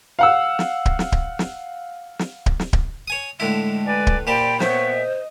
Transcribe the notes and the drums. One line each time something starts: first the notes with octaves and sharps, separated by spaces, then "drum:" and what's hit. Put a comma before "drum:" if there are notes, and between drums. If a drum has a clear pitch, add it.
F5 F#5 E6
drum: snare
drum: kick D1
drum: snare
drum: kick D1
drum: snare
drum: snare
drum: kick D1
drum: snare
drum: kick D1
C#5 G#5 D#6
A2 D3 G#3 E4
B4 D5 G#5
drum: kick D1
A#2 G4 C5 D5 G5 A5 B5
B3 C5 C#5 E5, drum: snare
D#5